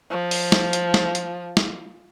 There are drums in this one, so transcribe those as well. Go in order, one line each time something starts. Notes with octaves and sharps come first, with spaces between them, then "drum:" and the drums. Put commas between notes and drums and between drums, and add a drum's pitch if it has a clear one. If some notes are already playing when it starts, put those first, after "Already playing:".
F3
drum: open hi-hat
drum: snare
drum: hi-hat
drum: snare
drum: hi-hat
drum: snare